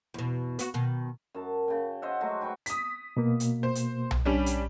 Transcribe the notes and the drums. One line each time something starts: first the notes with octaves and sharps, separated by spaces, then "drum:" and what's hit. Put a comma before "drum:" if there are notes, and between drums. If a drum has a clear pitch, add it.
E2 B2
B3 F#4, drum: hi-hat
B2 D#3
F#2 A5
C#3 G5
C5 D#5 E5 F#5
F#3 G#3 A3 F#4
B4 G5 C6 C#6
D#6 B6, drum: hi-hat
B2 A#3
drum: hi-hat
C5
drum: hi-hat
drum: tom B1
G3 C#4 D4
drum: hi-hat